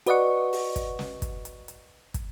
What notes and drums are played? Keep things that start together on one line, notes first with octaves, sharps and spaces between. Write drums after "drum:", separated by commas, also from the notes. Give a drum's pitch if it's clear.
F#4 B4 D5 D#5 F#5 C#6, drum: hi-hat
drum: open hi-hat
drum: kick, hi-hat
drum: snare
drum: kick, hi-hat
drum: hi-hat
drum: hi-hat
drum: kick, hi-hat